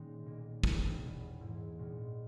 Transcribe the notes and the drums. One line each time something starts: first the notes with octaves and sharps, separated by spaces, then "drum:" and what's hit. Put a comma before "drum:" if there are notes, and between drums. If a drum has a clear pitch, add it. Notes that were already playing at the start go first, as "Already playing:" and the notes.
Already playing: A#2 D#3 G#3 A#3 C#4 D#4
B1 A#2 A#3
E1 E2 B2 G3, drum: kick
E2 B2 G3 B3
G#2 E3 A#3 E4
A#1 A#2 G#3 B3 D#4